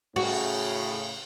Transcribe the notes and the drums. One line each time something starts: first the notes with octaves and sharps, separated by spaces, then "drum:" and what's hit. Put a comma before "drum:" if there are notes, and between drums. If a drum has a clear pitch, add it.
A2 C#3 F#4, drum: cymbal